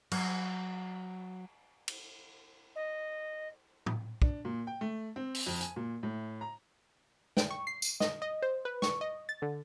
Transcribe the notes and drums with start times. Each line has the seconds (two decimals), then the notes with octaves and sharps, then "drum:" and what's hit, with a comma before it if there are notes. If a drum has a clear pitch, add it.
0.11 F#3, drum: cymbal
1.88 drum: cymbal
2.75 D#5
3.86 drum: tom A2
4.22 D4, drum: kick
4.45 A#2
4.67 G5
4.81 A3
5.16 C4
5.34 drum: open hi-hat
5.46 F2
5.61 G#5, drum: hi-hat
5.76 A#2
6.03 A2
6.41 A#5
7.37 G5, drum: snare
7.50 C#6
7.67 C7
7.82 drum: tambourine
8.00 D#5, drum: snare
8.22 D#5
8.42 C5
8.65 B4
8.82 C#6, drum: snare
9.01 D#5
9.29 A6
9.42 D3